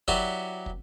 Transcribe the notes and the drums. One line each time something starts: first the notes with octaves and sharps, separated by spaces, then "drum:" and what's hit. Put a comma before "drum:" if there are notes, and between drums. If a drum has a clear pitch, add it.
F#3 E4 F#4 G4 B4 D5, drum: kick
drum: kick